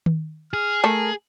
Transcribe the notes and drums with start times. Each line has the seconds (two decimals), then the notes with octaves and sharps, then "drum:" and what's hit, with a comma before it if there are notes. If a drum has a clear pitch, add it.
0.06 drum: tom D#3
0.53 G#4 F6
0.84 A3 A4 A#4